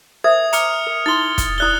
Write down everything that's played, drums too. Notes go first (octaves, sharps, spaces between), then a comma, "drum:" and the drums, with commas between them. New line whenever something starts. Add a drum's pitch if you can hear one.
A#4 C5 E5 D#6 G#6
A#5 D6 F6 C#7 F7, drum: hi-hat
A#4
D#4 E4 C6 A6 G7
D#6, drum: kick, hi-hat
E4 D5 D#6 E6 F#6 G7